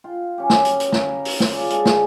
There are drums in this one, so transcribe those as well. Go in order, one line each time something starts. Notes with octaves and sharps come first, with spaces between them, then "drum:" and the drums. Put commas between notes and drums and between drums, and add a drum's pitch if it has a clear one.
F4 G5
F#3 C#4 G4
drum: snare
drum: hi-hat
drum: hi-hat
F5 A#5 B5, drum: snare
drum: open hi-hat
drum: snare
C#3 F4 D5 B5
G#3 G#5 A5, drum: hi-hat
drum: snare